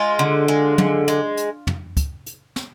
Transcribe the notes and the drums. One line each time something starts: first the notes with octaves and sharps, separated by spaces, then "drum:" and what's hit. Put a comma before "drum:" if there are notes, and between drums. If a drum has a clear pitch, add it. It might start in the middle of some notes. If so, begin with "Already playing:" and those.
Already playing: G#3 F4
D3
G#3
D3, drum: tom
G#3, drum: hi-hat
drum: hi-hat
drum: tom
drum: kick, hi-hat
drum: hi-hat
drum: snare